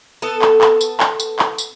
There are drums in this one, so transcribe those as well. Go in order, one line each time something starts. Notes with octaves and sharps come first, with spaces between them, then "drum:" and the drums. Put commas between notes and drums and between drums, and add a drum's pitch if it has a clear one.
B3 A4
drum: clap
drum: clap
drum: tambourine
drum: clap
drum: tambourine
drum: clap
drum: tambourine